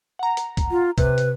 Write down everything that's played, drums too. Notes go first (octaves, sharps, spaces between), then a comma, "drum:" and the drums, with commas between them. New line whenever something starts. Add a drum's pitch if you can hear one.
F#5 A#5
drum: hi-hat
drum: kick, hi-hat
F4
C3 B4, drum: kick, hi-hat
drum: hi-hat